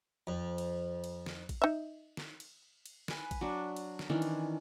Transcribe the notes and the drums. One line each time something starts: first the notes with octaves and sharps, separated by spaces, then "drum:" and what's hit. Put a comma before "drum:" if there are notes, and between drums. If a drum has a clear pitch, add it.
F2
drum: cymbal
drum: cymbal
drum: snare
drum: kick A1, cymbal
D#4 E5
drum: snare
drum: cymbal
drum: cymbal
B4 G#5, drum: snare
drum: kick A1, cymbal
F#3 D4
drum: cymbal
drum: snare
D#3 E3 C#4 D4
drum: cymbal